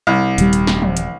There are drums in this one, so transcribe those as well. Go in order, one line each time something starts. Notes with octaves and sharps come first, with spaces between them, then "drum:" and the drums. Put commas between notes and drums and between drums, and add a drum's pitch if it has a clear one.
C2
D#1 G3, drum: hi-hat
drum: hi-hat
drum: snare
drum: tom E3
drum: hi-hat